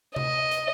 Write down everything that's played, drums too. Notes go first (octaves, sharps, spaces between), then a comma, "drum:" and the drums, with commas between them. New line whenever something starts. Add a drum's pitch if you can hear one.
D#5, drum: tom C3
drum: hi-hat